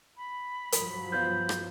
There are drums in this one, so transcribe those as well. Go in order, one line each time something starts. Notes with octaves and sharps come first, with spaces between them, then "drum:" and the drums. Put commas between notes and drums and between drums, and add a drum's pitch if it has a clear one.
B5
G2 F3 F#3, drum: hi-hat
B3 F4 C5 G6
drum: rim click